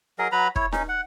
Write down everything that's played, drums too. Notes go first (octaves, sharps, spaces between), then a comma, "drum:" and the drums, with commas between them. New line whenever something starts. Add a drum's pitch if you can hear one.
F#3 G#4 A#4 D#5
F#3 B4 A#5 B5
E4 C#5, drum: kick
C#4 D#4, drum: snare D#4
F#5